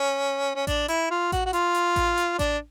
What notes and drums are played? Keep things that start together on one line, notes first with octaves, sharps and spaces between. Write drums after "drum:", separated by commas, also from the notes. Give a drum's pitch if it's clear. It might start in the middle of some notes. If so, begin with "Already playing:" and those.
Already playing: C#4
C#4
D4, drum: kick A1, hi-hat
E4, drum: hi-hat
F4
F#4, drum: kick A1, hi-hat
F#4
F4, drum: hi-hat
drum: hi-hat
drum: kick A1, hi-hat
drum: hi-hat
D4, drum: kick A1, hi-hat